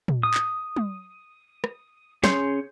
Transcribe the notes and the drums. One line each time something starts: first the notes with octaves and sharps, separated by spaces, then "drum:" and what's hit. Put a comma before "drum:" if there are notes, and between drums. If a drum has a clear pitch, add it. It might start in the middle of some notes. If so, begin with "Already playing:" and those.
drum: tom
D#6
drum: clap
drum: tom
drum: rim click
C#4 G#4 C#5 C6 G6, drum: snare